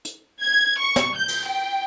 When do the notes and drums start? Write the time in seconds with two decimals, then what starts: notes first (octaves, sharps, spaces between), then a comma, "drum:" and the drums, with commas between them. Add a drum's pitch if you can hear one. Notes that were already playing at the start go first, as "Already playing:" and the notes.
0.05 drum: hi-hat
0.43 G#6
0.79 C#6
0.96 drum: snare
1.16 G6
1.28 drum: cymbal
1.49 G5